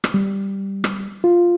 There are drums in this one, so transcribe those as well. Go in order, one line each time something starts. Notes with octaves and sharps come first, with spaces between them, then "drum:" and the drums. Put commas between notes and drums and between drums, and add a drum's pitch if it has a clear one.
drum: rim click
G3
drum: rim click
F4